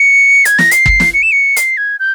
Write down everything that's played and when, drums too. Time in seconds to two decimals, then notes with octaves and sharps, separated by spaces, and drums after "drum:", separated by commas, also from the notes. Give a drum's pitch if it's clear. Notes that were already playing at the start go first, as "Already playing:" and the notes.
Already playing: C#7
0.45 G#6, drum: hi-hat
0.59 A#6, drum: snare
0.71 C7, drum: hi-hat
0.86 drum: kick
1.00 drum: snare
1.14 C#7
1.23 E7
1.32 C#7
1.57 C7, drum: hi-hat
1.77 G#6
2.00 G6